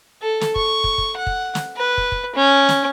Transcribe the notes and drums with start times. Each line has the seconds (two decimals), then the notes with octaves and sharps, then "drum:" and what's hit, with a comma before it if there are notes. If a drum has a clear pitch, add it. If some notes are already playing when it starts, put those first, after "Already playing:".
0.21 A4
0.41 drum: snare
0.56 C#6, drum: kick
0.84 drum: kick
0.98 drum: kick
1.17 F#5
1.27 drum: kick
1.55 drum: snare
1.77 B4
1.98 drum: kick
2.12 drum: kick
2.35 C#4
2.69 drum: snare